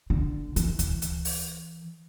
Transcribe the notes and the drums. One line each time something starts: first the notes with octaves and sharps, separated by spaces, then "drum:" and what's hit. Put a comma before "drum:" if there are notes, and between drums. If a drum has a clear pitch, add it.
D3
E3, drum: hi-hat
drum: kick D2, hi-hat
drum: hi-hat
drum: open hi-hat